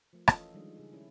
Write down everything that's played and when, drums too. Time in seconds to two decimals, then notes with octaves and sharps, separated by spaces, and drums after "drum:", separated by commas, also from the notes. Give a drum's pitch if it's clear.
0.13 F3 A3 A#4
0.28 E3 C#4 F4 A4 D#5 F5, drum: rim click
0.54 D#3 F3 G3 G#3 D4
0.77 C#3 G#4
0.93 C#4 E4